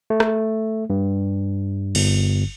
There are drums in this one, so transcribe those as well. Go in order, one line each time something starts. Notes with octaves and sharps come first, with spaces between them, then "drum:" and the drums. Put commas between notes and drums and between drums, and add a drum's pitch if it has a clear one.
A3
drum: rim click
G2
G1, drum: cymbal